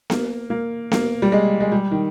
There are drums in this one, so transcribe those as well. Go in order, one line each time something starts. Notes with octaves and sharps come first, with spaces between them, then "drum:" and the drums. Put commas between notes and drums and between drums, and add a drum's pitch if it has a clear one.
A#3, drum: snare B3
A#3
A#3, drum: snare B3
G3
G#3
G#3
G3
D#3